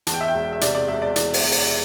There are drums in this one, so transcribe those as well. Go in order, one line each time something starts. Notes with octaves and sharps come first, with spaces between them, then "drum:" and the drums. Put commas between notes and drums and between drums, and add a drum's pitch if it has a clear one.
E2 A5, drum: hi-hat
G5
E5
G5
E1
E5
C3 D5, drum: hi-hat
D5
E1 E5
D5
E3 D5, drum: hi-hat
drum: open hi-hat
E1
drum: open hi-hat